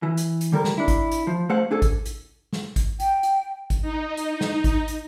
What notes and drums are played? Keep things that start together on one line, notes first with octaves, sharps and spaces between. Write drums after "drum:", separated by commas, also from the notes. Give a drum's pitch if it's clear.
E3
drum: hi-hat
drum: hi-hat
D3 G3 A4 A#4
drum: snare
D4 E4
drum: kick G#1, hi-hat
drum: hi-hat
F3
A3 G#4 C5 F5 F#5
D4 G#4 A4
drum: kick G#1, hi-hat
drum: hi-hat
drum: snare
drum: kick G#1, hi-hat
G5, drum: hi-hat
drum: hi-hat
drum: kick G#1, hi-hat
D#4
drum: hi-hat
drum: snare
drum: kick G#1, hi-hat
drum: hi-hat